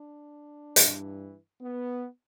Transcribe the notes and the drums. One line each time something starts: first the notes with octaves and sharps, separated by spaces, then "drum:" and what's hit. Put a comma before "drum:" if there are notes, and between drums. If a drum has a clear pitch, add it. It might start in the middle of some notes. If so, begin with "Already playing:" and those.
Already playing: D4
G2 E3, drum: hi-hat
B3